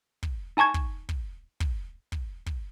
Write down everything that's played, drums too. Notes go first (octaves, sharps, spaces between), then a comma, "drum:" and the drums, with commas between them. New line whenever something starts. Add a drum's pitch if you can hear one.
drum: kick
D#4 G#5 A5 C#6 G#6
drum: kick
drum: kick
drum: kick
drum: kick
drum: kick